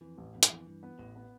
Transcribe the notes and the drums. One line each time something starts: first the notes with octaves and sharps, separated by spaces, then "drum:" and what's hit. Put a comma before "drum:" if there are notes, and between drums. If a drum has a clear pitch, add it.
F2 E3
A1
F2 B3
G2, drum: hi-hat
F2 E3
G2 E3
B3
A1 A2
B3